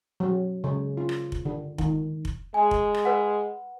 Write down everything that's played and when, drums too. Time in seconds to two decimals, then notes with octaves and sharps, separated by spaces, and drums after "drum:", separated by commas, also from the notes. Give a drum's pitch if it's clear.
0.20 F#3
0.64 C#3
0.97 F4
1.09 drum: rim click
1.32 drum: kick F1
1.45 D3
1.78 D#3, drum: kick F1
2.25 drum: kick F1
2.54 G#3 G#5
2.71 drum: kick F1
2.94 drum: rim click
3.05 B4 F#5